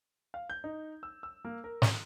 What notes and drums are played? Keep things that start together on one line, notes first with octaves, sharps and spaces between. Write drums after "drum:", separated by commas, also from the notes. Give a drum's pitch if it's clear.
F5
G6
D#4
E6
E6
A#3
A#4
drum: snare